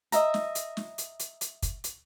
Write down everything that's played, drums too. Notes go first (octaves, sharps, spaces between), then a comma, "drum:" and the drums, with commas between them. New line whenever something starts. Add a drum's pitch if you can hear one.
D#5 E5 A#5, drum: hi-hat
drum: snare
drum: hi-hat
drum: snare
drum: hi-hat
drum: hi-hat
drum: hi-hat
drum: kick, hi-hat
drum: hi-hat